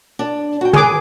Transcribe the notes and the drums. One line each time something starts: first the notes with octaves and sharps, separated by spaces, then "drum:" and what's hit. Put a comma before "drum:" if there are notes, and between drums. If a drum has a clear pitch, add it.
D4
F#4 G5
G#4 B4 G#5 D6, drum: tom